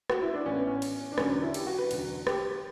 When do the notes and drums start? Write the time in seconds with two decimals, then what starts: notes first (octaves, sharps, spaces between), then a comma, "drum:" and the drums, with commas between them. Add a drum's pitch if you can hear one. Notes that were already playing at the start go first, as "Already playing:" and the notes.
0.10 F#4, drum: rim click
0.22 E4
0.34 D4
0.46 A1 A2 E3 C#4
0.56 B3
0.67 C#4
0.82 drum: cymbal
1.12 D4
1.18 E1 D2 D3 F#3 C#4, drum: rim click
1.30 D4
1.42 E4
1.54 G4, drum: cymbal
1.66 F#4
1.78 B4
1.91 E1 D2 D3 F#3, drum: cymbal
2.27 G4, drum: rim click